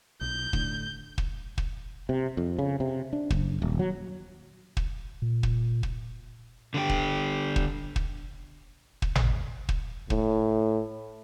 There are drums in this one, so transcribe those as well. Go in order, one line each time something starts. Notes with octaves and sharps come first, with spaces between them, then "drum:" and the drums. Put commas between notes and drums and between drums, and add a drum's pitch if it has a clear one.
B1 G6
A2 D3, drum: kick
drum: kick
drum: kick
C3
F2
C#3
C3
D4
F#1, drum: kick
D#1
F#3
drum: kick
A#2
drum: kick
drum: kick
D3 G4
drum: kick
drum: kick
drum: kick
drum: kick
drum: tom G#1
drum: kick
A2, drum: kick